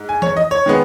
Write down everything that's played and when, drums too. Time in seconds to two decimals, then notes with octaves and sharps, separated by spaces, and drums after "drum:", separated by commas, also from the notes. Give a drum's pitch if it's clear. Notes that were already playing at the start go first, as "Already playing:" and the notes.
Already playing: G#2
0.09 G#5
0.22 C#5, drum: tom E3
0.37 D#5
0.51 C#5
0.66 D#3 G#3 B3